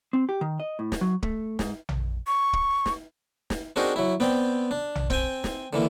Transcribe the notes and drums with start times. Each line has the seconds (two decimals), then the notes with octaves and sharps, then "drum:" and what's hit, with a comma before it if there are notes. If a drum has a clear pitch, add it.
0.13 C4
0.29 G4
0.41 D#3
0.60 D#5
0.79 A2
0.92 drum: snare
1.01 F#3
1.23 A3, drum: kick
1.59 G#2, drum: snare
1.89 drum: tom A#1
2.27 C#6
2.53 drum: kick
2.86 drum: snare
3.50 drum: snare
3.76 C4 D4 D#4 F#4 G#4 A#4
3.96 F#3 E4
4.20 B3 C4 D5 G5
4.71 D4
4.95 drum: tom A#1
5.10 C4 G5 G#5, drum: kick
5.44 drum: snare
5.73 D3 E3 A#3